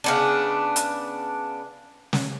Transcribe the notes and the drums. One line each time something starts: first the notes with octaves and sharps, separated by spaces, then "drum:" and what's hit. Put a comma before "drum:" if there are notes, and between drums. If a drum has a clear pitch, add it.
C#3 B3 D4
drum: hi-hat
drum: snare